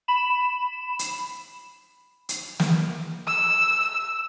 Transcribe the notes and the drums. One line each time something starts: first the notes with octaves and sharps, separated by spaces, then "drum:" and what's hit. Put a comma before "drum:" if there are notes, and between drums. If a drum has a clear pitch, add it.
B5 E7
drum: hi-hat
drum: hi-hat
drum: snare
E6